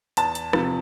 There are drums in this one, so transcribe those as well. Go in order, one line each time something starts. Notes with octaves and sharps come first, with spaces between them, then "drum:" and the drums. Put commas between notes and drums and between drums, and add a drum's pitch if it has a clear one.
E2 A5, drum: hi-hat
drum: hi-hat
C3 F3, drum: rim click